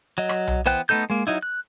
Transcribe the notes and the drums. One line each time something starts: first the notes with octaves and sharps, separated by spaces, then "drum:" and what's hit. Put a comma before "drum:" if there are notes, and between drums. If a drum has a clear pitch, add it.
F#3 D#5
drum: rim click
drum: tom B1
E3 B3 C5 G5 F#6
A3 B3 D#4 A4 G6
G#3 A#3
F#3 D#4 E4
F#6